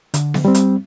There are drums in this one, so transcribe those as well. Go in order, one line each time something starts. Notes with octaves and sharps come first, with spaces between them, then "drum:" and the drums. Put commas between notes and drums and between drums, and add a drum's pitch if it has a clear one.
D3, drum: hi-hat
drum: snare B3
G3 C4
drum: hi-hat